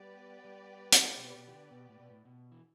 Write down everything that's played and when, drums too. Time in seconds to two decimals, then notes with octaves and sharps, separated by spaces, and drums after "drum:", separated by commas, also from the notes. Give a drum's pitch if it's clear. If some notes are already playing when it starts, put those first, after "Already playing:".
Already playing: G3 B3 G4 B4 D5
0.44 G3
0.92 drum: hi-hat
1.16 B2
1.35 B2
1.47 E3
1.52 D3
1.71 B2
1.89 A2
1.99 B2
2.11 A2
2.25 B2
2.52 E3